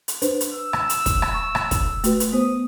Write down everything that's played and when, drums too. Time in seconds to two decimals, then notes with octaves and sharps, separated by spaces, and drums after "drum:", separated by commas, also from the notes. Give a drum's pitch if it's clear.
0.08 drum: hi-hat
0.22 D4 B4 C5, drum: hi-hat
0.41 drum: hi-hat
0.54 E6
0.73 drum: rim click
0.90 drum: hi-hat
1.06 drum: kick, hi-hat
1.22 drum: rim click
1.34 C#6
1.55 drum: rim click
1.71 drum: kick, hi-hat
2.04 A3 F#4 B4, drum: hi-hat
2.20 drum: hi-hat
2.33 B3 C5 D#6